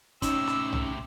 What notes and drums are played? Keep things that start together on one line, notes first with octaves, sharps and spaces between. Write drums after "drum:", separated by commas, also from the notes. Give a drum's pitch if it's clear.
A2 C3 C#4 D#4 E6, drum: kick, hi-hat
drum: snare
drum: tom